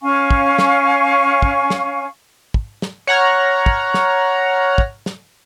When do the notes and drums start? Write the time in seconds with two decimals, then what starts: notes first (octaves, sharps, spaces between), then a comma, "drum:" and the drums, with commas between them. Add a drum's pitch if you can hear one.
0.03 C#4 F5 G#5 C#6
0.31 drum: kick
0.59 drum: snare
1.42 drum: kick
1.70 drum: snare
2.54 drum: kick
2.82 drum: snare
3.07 C#5 F#5 A#5 F6
3.66 drum: kick
3.94 drum: snare
4.78 drum: kick
5.06 drum: snare